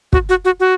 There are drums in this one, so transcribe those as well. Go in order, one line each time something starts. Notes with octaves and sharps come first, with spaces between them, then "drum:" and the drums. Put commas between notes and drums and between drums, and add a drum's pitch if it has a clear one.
F#4, drum: kick
F#4
F#4
F#4